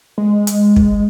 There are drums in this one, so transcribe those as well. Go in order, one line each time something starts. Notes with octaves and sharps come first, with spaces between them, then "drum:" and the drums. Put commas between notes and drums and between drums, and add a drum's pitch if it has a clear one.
G#3
drum: hi-hat
drum: kick